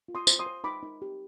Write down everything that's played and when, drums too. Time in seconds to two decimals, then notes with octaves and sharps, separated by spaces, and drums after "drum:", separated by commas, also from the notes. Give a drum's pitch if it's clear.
0.08 F4
0.15 C6 D#6
0.27 C5, drum: tambourine
0.39 C6 D#6
0.46 C5
0.64 D#4 B5 D6
0.83 D#4
1.02 G4